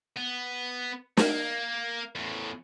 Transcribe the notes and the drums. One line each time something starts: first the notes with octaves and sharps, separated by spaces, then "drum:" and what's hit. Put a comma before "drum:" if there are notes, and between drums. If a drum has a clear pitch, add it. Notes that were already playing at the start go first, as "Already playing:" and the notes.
B3
A#3, drum: snare
E2 A2